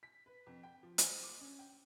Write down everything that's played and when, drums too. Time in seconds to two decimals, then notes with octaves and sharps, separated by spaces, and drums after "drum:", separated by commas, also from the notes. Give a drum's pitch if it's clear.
0.03 B6
0.26 B4
0.47 F2
0.63 G5
0.83 F3
0.98 C5, drum: hi-hat
1.23 D6
1.41 C#4
1.59 G5